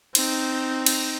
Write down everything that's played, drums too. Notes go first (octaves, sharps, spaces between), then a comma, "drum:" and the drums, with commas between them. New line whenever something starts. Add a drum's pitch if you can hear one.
C4 D#4, drum: cymbal
drum: cymbal